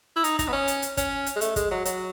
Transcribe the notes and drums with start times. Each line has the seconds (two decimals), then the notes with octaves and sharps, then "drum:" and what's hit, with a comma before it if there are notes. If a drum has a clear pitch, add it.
0.16 E4
0.24 D#4, drum: hi-hat
0.39 D#4, drum: kick, hi-hat
0.48 B3
0.53 C#4
0.68 drum: hi-hat
0.82 drum: hi-hat
0.97 C#4, drum: kick, hi-hat
1.26 drum: hi-hat
1.36 G#3
1.41 A3, drum: hi-hat
1.56 G#3, drum: kick, hi-hat
1.71 F#3
1.85 F#3, drum: hi-hat